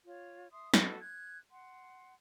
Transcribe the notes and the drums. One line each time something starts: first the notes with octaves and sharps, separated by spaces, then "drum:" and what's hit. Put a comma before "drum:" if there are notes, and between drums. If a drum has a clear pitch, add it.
F4 C#5
E5 C6 D#6
F#4 A4 B4 D#5, drum: snare
F#6 G#6
F#5 C6